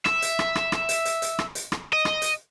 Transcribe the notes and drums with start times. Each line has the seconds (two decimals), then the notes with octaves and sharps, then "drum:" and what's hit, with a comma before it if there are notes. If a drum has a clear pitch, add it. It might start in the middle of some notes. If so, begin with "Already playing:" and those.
0.06 E5, drum: rim click
0.22 drum: hi-hat
0.39 drum: rim click
0.55 drum: rim click
0.72 drum: rim click
0.89 drum: hi-hat
1.05 drum: hi-hat
1.22 drum: hi-hat
1.39 drum: rim click
1.55 drum: hi-hat
1.72 drum: rim click
1.93 D#5
2.05 drum: rim click
2.22 drum: hi-hat